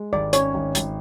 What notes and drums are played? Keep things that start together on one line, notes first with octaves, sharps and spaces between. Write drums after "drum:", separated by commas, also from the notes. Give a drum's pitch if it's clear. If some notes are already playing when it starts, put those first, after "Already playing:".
Already playing: G#3
G#1 D5
C#4 C#5, drum: hi-hat
G#1
G#1, drum: hi-hat